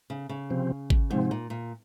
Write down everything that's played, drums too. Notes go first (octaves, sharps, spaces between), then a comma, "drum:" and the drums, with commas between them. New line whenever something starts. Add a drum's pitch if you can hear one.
C#3
C#3
C3 F3 C4
drum: kick G#1
G#2 C3 F3 C4
A#2
A#2